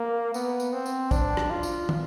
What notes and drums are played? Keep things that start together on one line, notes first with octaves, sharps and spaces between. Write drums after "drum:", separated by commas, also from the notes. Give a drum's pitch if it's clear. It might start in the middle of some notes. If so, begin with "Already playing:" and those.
Already playing: A#3
B3, drum: tambourine
drum: tambourine
C4
drum: tambourine
D4, drum: kick, tambourine
drum: rim click
F4
drum: tambourine
drum: tom